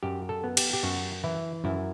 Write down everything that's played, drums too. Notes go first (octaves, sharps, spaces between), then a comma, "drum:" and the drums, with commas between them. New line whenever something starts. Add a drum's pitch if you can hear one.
F#2 G4
A4
B3
G4, drum: cymbal
G4
F#2 F#4
E3 E4
F#2 E4